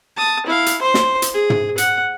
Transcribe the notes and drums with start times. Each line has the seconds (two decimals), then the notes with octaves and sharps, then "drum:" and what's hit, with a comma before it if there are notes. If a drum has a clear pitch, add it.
0.17 A5 D#6
0.46 E4 F5
0.66 drum: hi-hat
0.81 C5 C6
0.94 drum: snare
1.22 drum: hi-hat
1.34 G#4
1.50 drum: tom
1.78 F#5, drum: hi-hat